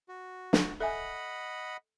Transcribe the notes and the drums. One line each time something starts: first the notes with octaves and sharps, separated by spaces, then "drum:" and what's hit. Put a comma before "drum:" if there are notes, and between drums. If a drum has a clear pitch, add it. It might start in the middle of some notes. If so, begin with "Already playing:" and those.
F#4
drum: snare
A4 D#5 E5 F#5 G#5 B5